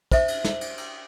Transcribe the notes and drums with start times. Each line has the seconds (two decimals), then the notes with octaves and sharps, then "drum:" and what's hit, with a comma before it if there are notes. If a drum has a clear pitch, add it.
0.11 C5 E5, drum: kick, cymbal
0.28 drum: cymbal
0.45 drum: snare
0.61 drum: cymbal
0.78 drum: cymbal